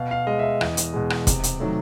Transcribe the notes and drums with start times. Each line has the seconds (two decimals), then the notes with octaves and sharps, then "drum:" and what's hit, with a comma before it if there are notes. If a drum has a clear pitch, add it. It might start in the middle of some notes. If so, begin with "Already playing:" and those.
Already playing: B2 F5
0.11 F5
0.27 G#3 D#5
0.39 E5
0.44 D#5
0.61 E2, drum: rim click
0.77 drum: hi-hat
0.94 B2 G#3
1.10 drum: rim click
1.27 C3, drum: kick E1, hi-hat
1.43 drum: hi-hat
1.59 D#3 F#3 A3